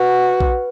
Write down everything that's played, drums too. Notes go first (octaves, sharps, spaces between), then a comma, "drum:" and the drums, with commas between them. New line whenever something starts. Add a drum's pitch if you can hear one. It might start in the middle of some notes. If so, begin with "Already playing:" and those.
Already playing: F#4 B4
drum: kick A#1